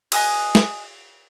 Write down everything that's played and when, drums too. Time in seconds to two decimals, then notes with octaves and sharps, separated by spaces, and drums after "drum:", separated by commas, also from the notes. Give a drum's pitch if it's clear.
0.12 D#5 G#5 D#6 F#6, drum: cymbal
0.55 drum: snare